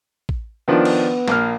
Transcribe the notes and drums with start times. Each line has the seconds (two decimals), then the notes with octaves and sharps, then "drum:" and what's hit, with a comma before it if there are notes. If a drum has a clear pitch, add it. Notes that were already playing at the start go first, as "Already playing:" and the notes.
0.29 drum: kick A1
0.68 D#3 F3 B3 D4
0.85 drum: cymbal
1.28 A#1 A#3 F6, drum: snare